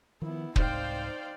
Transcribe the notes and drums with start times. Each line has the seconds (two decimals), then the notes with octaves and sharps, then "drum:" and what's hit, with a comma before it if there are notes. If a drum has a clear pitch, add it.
0.22 D#3 F3 B3 E4
0.56 C2 G#2 D#4 C5 D5 F5 G5, drum: kick